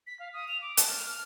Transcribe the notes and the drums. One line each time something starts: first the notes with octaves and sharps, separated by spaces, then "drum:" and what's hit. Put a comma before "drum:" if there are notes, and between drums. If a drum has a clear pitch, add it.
B6
F5
D#6
F7
D6
A5, drum: hi-hat
F6
F6